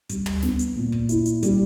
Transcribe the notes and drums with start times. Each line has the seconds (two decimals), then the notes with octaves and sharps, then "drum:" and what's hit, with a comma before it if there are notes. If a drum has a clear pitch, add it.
0.09 G3, drum: kick, hi-hat
0.26 drum: tom
0.42 B3, drum: snare
0.59 drum: hi-hat
0.76 A#2
0.92 drum: kick
1.09 E4, drum: hi-hat
1.26 drum: hi-hat
1.43 G3, drum: kick, hi-hat